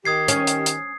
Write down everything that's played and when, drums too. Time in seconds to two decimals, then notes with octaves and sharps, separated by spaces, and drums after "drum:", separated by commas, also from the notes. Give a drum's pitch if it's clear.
0.05 D#3 G4 D#6 G#6 C7
0.28 C#4, drum: hi-hat
0.47 drum: hi-hat
0.66 drum: hi-hat